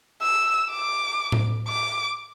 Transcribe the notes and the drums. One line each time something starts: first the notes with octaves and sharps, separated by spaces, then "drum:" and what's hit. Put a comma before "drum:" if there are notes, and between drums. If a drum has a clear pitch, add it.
E6
D6
drum: tom A2
D6